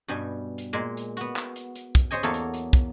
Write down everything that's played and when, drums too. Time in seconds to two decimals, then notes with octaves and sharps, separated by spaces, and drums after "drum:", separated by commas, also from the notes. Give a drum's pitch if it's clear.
0.08 G2 B2 G3 G#5
0.58 drum: hi-hat
0.73 A#2 G#3
0.97 drum: hi-hat
1.17 B3 F#4, drum: hi-hat
1.36 drum: clap
1.56 drum: hi-hat
1.75 drum: hi-hat
1.95 drum: kick, hi-hat
2.11 G#4 C5 C#5 D#5 G#5
2.23 E2 F#3 A#3 A4 C#5 F5
2.34 drum: hi-hat
2.54 drum: hi-hat
2.73 drum: kick, hi-hat